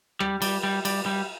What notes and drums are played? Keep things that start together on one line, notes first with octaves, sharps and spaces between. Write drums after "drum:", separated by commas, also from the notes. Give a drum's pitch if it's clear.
G3, drum: rim click
G3, drum: cymbal
G3
G3, drum: cymbal
G3